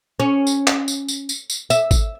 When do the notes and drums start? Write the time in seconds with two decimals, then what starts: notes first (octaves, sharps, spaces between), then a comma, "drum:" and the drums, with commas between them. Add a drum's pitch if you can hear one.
0.20 C#4
0.47 drum: tambourine
0.67 drum: clap
0.88 drum: tambourine
1.08 drum: tambourine
1.29 drum: tambourine
1.50 drum: tambourine
1.70 E5, drum: tambourine
1.91 drum: kick G#1, tambourine